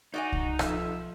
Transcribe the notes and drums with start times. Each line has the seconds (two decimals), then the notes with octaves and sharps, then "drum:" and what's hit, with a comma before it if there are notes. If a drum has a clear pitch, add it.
0.14 D#4 F#4 D5 D#5 G#5
0.32 drum: kick C2
0.59 B2 F3 A4 E5, drum: rim click